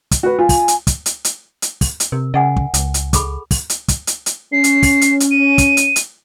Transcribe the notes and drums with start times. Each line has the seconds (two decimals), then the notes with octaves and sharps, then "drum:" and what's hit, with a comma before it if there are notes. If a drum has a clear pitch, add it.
0.11 drum: kick, hi-hat
0.23 F#4 B4
0.39 F4 G#5
0.49 drum: kick, open hi-hat
0.68 drum: hi-hat
0.87 drum: kick, hi-hat
1.06 drum: hi-hat
1.25 drum: hi-hat
1.62 drum: hi-hat
1.81 drum: kick, open hi-hat
2.00 drum: hi-hat
2.12 C3 A#4
2.34 C#3 D#5 F#5 G#5
2.56 drum: kick
2.74 C#2, drum: hi-hat
2.94 drum: hi-hat
3.13 G#4 A4 B5, drum: kick, hi-hat
3.51 drum: kick, open hi-hat
3.70 drum: hi-hat
3.88 drum: kick, hi-hat
4.07 drum: hi-hat
4.26 drum: hi-hat
4.53 C#4 C7
4.64 drum: hi-hat
4.83 drum: kick, open hi-hat
5.01 drum: hi-hat
5.20 drum: hi-hat
5.31 D#7
5.58 drum: kick, hi-hat
5.77 drum: hi-hat
5.96 drum: hi-hat